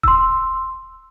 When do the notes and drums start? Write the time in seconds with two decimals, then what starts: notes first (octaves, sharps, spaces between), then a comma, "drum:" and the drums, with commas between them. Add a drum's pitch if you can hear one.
0.03 C6 E6, drum: kick D#1